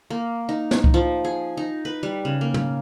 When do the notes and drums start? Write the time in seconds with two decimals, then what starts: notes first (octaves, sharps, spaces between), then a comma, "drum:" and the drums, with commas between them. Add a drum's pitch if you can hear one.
0.10 A#3
0.49 D#4
0.71 drum: snare
0.84 drum: kick C2
0.94 F3
1.25 G#4
1.57 D#4
1.85 B4
2.03 G3
2.25 C#3
2.41 A#3
2.54 drum: tom